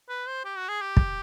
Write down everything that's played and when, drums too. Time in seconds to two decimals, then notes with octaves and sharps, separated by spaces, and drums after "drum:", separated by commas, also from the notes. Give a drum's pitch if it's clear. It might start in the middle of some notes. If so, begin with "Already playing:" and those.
0.09 B4
0.28 C5
0.45 G4
0.57 F#4
0.69 G#4
0.81 G4
0.97 drum: kick